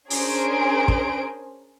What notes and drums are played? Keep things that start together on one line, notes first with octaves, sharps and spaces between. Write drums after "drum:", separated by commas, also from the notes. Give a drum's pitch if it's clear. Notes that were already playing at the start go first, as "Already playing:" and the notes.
C#4 D4 G#4 A#4 C5 D7, drum: open hi-hat
drum: kick